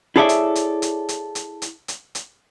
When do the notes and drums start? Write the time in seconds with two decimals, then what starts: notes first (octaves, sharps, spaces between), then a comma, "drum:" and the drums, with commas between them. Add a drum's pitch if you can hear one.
0.16 E4 G#4 A4 C#5 D5 E5
0.29 drum: hi-hat
0.55 drum: hi-hat
0.82 drum: hi-hat
1.09 drum: hi-hat
1.35 drum: hi-hat
1.62 drum: hi-hat
1.88 drum: hi-hat
2.15 drum: hi-hat